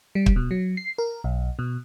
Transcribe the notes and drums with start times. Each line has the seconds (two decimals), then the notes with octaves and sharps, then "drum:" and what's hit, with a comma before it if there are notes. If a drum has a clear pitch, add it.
0.15 G3
0.26 drum: kick
0.36 B2
0.51 F#3
0.77 C7
0.98 A#4
1.24 B1
1.59 B2